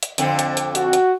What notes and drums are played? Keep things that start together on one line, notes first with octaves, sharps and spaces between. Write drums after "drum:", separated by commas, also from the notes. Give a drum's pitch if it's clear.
drum: hi-hat
F2 D3 C4, drum: hi-hat
drum: hi-hat
drum: hi-hat
F#4, drum: hi-hat
drum: hi-hat